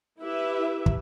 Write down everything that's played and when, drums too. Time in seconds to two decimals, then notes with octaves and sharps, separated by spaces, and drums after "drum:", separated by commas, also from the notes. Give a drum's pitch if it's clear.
0.20 E4 G4 B4 E5
0.86 drum: kick